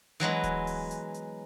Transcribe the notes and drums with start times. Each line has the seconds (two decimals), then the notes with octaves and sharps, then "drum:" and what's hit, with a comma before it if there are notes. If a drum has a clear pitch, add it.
0.20 E3 F#3 G#3 B3
0.43 drum: kick D1, hi-hat
0.67 drum: open hi-hat
0.91 drum: hi-hat
1.14 drum: hi-hat